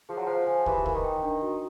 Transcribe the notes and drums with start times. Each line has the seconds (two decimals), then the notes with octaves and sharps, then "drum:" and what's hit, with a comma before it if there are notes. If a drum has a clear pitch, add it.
0.09 F3 G#4
0.18 F#3
0.26 F3 C5
0.47 G#5
0.66 E3 G4, drum: kick
0.86 A#4, drum: kick
0.95 D#3
1.04 G5
1.23 D4
1.42 F#4